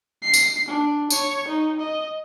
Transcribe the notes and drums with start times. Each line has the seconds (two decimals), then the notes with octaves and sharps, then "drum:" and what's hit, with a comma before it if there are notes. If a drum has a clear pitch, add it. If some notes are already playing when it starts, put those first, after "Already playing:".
0.22 C7
0.34 drum: tambourine
0.68 D4
1.10 C#5, drum: tambourine
1.48 D#4
1.79 D#5